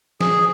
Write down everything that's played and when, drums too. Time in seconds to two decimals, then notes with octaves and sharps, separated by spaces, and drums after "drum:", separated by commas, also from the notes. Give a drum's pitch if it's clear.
0.21 G#4, drum: snare